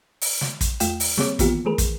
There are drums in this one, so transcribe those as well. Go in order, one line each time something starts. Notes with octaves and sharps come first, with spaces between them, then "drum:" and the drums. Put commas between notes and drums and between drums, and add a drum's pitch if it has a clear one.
drum: open hi-hat
drum: snare
drum: kick, hi-hat
E2 A3 F4 F5 G5 E7, drum: hi-hat
drum: open hi-hat
G3 A#3 C4 G#4 C#5 D6, drum: snare
D#3 E3 A#3 B3 F4 G4, drum: kick, hi-hat
D#3 E3 A3 G#4 A#4 B4
drum: kick, hi-hat